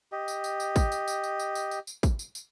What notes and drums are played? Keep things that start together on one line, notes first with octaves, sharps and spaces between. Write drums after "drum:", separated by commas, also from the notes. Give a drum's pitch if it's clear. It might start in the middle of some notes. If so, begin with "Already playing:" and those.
G4 D#5
drum: tambourine
drum: tambourine
drum: tambourine
drum: kick, tambourine
drum: tambourine
drum: tambourine
drum: tambourine
drum: tambourine
drum: tambourine
drum: tambourine
drum: tambourine
drum: kick, tambourine
drum: tambourine
drum: tambourine